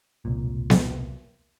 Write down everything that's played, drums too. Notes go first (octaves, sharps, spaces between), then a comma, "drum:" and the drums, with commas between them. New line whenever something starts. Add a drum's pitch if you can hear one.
E1 C2 A#2
drum: snare B3